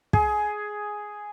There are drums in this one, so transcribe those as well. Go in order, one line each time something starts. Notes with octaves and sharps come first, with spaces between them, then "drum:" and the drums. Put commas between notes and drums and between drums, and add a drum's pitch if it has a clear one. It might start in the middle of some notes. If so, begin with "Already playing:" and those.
G#4, drum: kick